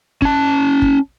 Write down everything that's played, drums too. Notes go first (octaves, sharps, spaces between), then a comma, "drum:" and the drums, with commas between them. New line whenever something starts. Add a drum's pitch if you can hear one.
C#4 A5, drum: kick
drum: kick